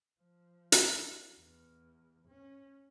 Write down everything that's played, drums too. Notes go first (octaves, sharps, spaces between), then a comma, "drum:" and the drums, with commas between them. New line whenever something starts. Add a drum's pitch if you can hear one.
F3
drum: hi-hat
E2
C#4